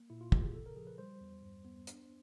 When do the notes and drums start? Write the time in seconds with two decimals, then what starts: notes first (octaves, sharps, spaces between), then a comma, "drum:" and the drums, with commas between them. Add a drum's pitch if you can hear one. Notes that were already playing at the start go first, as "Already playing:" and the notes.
Already playing: A#3
0.10 A#2 E4
0.21 F4
0.32 A#2 G4, drum: kick
0.43 G#4
0.54 C#3 A4
0.66 A#4
0.77 F3 G#4
0.87 B4
0.98 G3 C5
1.21 E2
1.42 G2
1.65 B3
1.87 D4, drum: hi-hat